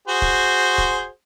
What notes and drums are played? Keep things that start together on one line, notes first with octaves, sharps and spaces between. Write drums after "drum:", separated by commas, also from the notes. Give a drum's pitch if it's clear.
F#4 G#4 C5
drum: kick
drum: kick